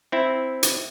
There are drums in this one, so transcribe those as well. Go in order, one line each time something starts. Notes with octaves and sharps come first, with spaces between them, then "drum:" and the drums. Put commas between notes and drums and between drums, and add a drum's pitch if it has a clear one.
C4 E4
drum: hi-hat